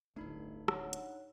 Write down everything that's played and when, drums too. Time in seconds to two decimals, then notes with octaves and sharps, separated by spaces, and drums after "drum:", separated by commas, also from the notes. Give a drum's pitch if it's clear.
0.16 D1 G1 A3 D4 D#4 B5
0.68 C#5 F#5, drum: rim click
0.93 drum: hi-hat